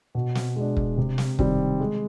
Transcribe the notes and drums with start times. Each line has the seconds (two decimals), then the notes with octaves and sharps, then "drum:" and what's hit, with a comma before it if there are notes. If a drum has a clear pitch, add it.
0.15 B2
0.35 drum: snare
0.56 G#3 D4
0.77 drum: kick
0.98 C3
1.18 drum: snare
1.39 D#3 G3 C4, drum: kick
1.80 G#3